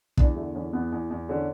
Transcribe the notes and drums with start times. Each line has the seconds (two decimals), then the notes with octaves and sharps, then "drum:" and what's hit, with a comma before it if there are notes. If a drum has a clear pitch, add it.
0.17 E2 D4, drum: kick
0.36 D3 A3
0.55 E2 C#4
0.73 E2 B3
0.92 E2
1.10 E2
1.29 D3 C#4